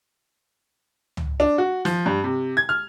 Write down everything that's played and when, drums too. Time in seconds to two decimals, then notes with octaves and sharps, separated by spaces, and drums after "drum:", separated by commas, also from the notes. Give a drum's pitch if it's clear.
1.17 drum: tom C#2
1.40 D4
1.58 F#4
1.85 F3, drum: snare
2.06 G2
2.24 C3
2.57 G#6
2.69 F6